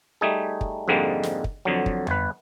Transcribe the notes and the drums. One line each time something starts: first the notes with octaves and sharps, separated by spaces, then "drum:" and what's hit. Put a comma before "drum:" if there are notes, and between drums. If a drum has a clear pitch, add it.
G3 A3 D#4 G#4
drum: kick
F2 G#2 D3 G3 G#3 A#3
drum: snare
drum: kick
F2 D3 F#3
drum: kick
G1 B4, drum: tom F2